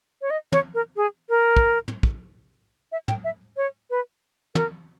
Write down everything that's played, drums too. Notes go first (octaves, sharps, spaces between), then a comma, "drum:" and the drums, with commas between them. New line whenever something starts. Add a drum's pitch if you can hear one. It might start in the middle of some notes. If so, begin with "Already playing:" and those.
C#5
D#5
C#5, drum: tom
A#4
G#4
A#4
drum: kick
drum: tom
drum: kick
E5
G5, drum: tom
E5
C#5
B4
A#4, drum: tom